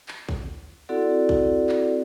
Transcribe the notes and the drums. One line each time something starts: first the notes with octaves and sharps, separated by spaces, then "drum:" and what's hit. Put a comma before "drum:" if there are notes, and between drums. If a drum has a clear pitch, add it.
drum: clap
drum: kick
C4 E4 F#4 A4 D5 F#5
drum: kick
drum: clap